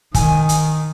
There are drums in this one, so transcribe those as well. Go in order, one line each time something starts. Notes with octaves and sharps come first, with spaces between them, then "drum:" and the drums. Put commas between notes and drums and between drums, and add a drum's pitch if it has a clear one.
D#3 G#5, drum: kick, hi-hat
drum: hi-hat